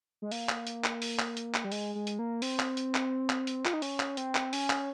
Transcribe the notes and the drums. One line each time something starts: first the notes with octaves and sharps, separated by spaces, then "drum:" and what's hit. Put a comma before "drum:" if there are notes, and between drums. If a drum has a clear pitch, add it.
G#3
A#3, drum: open hi-hat
drum: clap
drum: hi-hat
drum: clap
drum: open hi-hat
drum: clap
drum: hi-hat
drum: clap
G3
G#3, drum: open hi-hat
G#3
drum: hi-hat
A#3
C4, drum: open hi-hat
drum: clap
drum: hi-hat
drum: clap
drum: clap
drum: hi-hat
F4, drum: clap
D#4
C#4, drum: open hi-hat
drum: clap
C4, drum: hi-hat
drum: clap
C#4, drum: open hi-hat
drum: clap